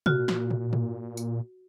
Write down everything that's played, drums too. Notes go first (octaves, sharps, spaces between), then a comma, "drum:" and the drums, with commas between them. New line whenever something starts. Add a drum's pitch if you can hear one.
A#2 F#4 F6, drum: tom
drum: snare
drum: tom
drum: tom
drum: tambourine